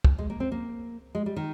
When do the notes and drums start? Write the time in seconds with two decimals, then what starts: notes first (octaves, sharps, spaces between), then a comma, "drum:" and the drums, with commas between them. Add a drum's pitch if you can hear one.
0.05 drum: kick
0.18 G#3
0.30 A#3
0.40 C4
0.52 A#3
1.15 G#3
1.26 G3
1.36 D#3